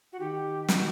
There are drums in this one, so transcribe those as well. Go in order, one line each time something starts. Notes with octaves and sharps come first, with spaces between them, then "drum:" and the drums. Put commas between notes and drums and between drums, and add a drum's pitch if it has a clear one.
F#4
D#3 G4
F#4, drum: snare